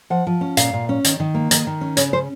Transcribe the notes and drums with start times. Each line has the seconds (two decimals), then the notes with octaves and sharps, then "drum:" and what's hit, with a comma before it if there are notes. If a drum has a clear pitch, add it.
0.10 F3 F#5
0.27 F3
0.41 C#4
0.57 A#2 F5, drum: hi-hat
0.73 A#2
0.89 C#4
1.04 D#3, drum: hi-hat
1.20 D#3
1.34 A#3
1.51 D#3 D#5, drum: hi-hat
1.67 D#3
1.81 C#4
1.97 C#3 C#5, drum: hi-hat
2.13 C#4 C5